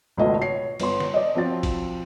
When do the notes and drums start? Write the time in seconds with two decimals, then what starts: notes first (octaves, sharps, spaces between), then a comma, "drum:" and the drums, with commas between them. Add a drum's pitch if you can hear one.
0.17 G#1 C#2 B2 A3 B3 D#5
0.42 C#5 C7
0.80 G1 B3 C#5 C6, drum: cymbal
1.00 drum: snare
1.14 D5 D#5
1.35 F3 C4 F#4 A6
1.63 drum: kick G#1, cymbal